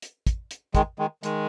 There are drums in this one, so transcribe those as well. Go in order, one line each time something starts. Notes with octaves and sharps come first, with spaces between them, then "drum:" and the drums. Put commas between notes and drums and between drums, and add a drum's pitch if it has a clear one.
drum: hi-hat
drum: kick, hi-hat
drum: hi-hat
D#3 G#3, drum: kick, hi-hat
D#3 G#3
D#3 G#3, drum: hi-hat